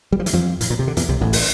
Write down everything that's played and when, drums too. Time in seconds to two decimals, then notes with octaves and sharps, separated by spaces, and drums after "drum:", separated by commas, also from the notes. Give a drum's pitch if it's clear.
0.12 G3
0.20 F3
0.26 E3, drum: hi-hat
0.33 F2 F3
0.61 A2, drum: hi-hat
0.70 A#2
0.79 C3
0.88 D3
0.97 E2 E3, drum: hi-hat
1.09 C2 C3
1.21 A1 A2
1.33 drum: open hi-hat